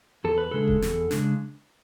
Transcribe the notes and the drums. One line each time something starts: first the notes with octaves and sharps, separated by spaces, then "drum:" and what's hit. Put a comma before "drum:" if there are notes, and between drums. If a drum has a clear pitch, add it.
E2 A4
B4
C#3 G#3 D4 A4
drum: kick F1
E2, drum: snare
C#3 G#3 D4, drum: snare